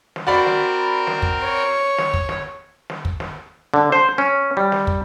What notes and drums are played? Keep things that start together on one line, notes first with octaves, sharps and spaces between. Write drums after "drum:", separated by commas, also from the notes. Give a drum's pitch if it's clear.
drum: snare
C4 F#4 A#4 D5 B5
drum: snare
drum: snare
drum: kick
C#5
drum: snare
drum: kick
drum: snare
drum: snare
drum: kick
drum: snare
D3
C5
C#4
G3
drum: snare
drum: kick